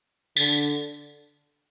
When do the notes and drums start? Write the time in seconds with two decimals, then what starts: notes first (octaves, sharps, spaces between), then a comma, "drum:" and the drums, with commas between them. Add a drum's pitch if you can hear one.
0.36 D3, drum: tambourine